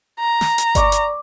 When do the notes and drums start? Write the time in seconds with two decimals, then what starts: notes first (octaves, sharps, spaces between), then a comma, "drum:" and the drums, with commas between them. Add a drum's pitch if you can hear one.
0.19 A#5
0.41 drum: snare
0.58 drum: hi-hat
0.75 D5 C#6 D6, drum: kick G1, hi-hat
0.92 drum: hi-hat